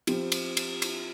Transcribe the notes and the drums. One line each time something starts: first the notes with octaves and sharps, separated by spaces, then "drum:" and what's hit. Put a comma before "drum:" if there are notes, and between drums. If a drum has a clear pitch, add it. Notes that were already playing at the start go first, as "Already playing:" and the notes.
F3 C4 G4, drum: cymbal
drum: cymbal
drum: cymbal
drum: cymbal